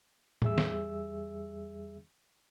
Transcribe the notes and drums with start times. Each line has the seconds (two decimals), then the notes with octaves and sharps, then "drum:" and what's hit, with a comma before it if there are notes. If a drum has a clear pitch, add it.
0.42 E2 G3 G#4 E5 E6, drum: tom A2
0.58 drum: snare